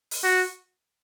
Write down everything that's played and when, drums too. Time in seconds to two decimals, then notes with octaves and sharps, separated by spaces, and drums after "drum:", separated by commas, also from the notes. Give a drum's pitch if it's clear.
0.11 drum: open hi-hat
0.23 F#4